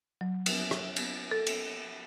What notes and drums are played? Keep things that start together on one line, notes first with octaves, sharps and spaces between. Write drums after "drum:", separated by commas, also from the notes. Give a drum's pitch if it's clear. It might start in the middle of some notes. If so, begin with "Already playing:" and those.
F#3
drum: cymbal
drum: rim click
drum: cymbal
A4
drum: cymbal